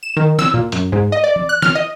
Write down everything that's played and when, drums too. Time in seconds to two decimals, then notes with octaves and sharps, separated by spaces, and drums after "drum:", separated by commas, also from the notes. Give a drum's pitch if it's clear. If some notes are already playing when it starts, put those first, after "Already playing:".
0.03 E7
0.17 D#3
0.39 E6, drum: snare
0.54 A#2
0.72 F#2, drum: hi-hat
0.92 G#2
1.12 D#5
1.24 D5
1.36 drum: tom E3
1.49 F#6
1.62 F6, drum: snare
1.75 D#5